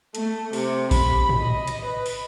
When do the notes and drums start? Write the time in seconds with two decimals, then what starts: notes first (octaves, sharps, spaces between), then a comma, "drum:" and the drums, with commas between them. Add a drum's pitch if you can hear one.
0.15 A3, drum: hi-hat
0.53 C3, drum: open hi-hat
0.91 B5, drum: kick A#1, open hi-hat
1.29 drum: tom
1.41 D#5
1.67 drum: hi-hat
1.85 B4
2.06 drum: open hi-hat